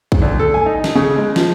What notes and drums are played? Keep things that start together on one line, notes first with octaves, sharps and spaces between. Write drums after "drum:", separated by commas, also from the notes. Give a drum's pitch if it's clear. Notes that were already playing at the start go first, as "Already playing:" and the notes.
drum: kick
D2
A4
G#5
D#4
drum: snare
C#3
G#3
F3, drum: snare